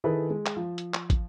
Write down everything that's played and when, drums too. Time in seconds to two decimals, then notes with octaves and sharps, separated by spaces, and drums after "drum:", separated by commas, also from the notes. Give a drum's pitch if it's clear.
0.04 D#3 E4 G#4 A4 B4
0.30 G#3
0.46 drum: clap
0.56 F3
0.78 drum: hi-hat
0.94 drum: clap
1.10 drum: kick, hi-hat